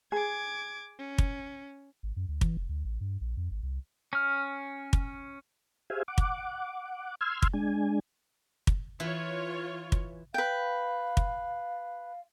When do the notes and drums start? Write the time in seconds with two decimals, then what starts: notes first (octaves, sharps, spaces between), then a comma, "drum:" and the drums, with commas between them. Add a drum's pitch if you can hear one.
0.12 G#4 D6 G#6
0.98 C#4
1.18 drum: kick
2.03 G#1
2.16 F#2
2.28 D2
2.41 E3, drum: kick
2.57 F1
2.69 D2
2.85 A1
3.01 G2
3.21 A#1
3.37 F2
3.51 G#1
3.63 C2
4.13 C#4 F6
4.93 drum: kick
5.90 G4 G#4 C5 E5 F5 G#5
6.08 F#5 D6
6.18 drum: kick
7.21 C6 E6 F6 G#6
7.42 drum: kick
7.53 G#3 D4 G#5
8.67 drum: kick
9.00 E3 F4 C#5
9.92 drum: kick
10.34 B4 F5 G5
11.17 drum: kick